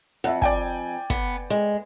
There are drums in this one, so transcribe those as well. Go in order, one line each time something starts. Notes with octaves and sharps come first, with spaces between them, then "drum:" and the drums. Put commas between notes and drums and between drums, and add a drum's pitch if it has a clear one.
F2 E5 F#5
D5 G5 G#5, drum: kick
B3, drum: kick
G#3